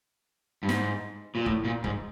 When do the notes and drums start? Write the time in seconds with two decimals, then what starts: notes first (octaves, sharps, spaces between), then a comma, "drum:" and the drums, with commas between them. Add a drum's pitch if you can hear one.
0.63 G2
0.69 G#2, drum: snare
1.35 A#2
1.46 A2, drum: kick
1.65 A#2
1.84 G#2, drum: kick